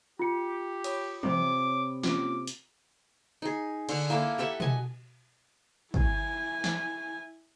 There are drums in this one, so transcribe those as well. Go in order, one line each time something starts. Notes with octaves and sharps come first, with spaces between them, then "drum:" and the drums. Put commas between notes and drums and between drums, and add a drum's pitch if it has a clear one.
F4 G4 C#7
C#5 B5 D#6, drum: cymbal
C3 D6, drum: tom E3
A#3 C#4 F4 D6, drum: snare
drum: hi-hat
D#4 G#4
D3 F#5, drum: cymbal
A#3 E4 A4 D6
G4 A4 E5 F#5
D#5 G#5, drum: tom B2
E4 G#5, drum: kick
drum: snare